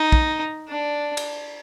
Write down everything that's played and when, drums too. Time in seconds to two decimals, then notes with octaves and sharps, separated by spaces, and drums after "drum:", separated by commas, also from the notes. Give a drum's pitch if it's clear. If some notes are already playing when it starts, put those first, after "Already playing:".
Already playing: D#4
0.12 drum: kick
0.70 D4
1.17 drum: cymbal